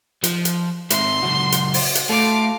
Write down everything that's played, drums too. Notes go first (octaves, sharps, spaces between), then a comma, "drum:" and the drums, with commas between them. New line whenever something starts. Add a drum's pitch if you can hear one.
F3, drum: hi-hat
drum: hi-hat
G#2 D#3 E5 C6 E6, drum: hi-hat
C#2 F#3 F#4
drum: hi-hat
drum: open hi-hat
drum: hi-hat
A2 A4 F5 C6 D6